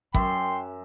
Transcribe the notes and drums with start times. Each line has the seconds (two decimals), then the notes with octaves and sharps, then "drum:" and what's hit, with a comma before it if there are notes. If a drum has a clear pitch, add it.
0.15 F#2 F#3 E5 G5 C6, drum: kick